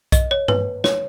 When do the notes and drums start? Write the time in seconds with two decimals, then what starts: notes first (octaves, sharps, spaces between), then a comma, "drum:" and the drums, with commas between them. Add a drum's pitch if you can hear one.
0.12 D#5, drum: kick B1, hi-hat
0.31 C#5
0.48 B4, drum: tom G2
0.84 C#5, drum: snare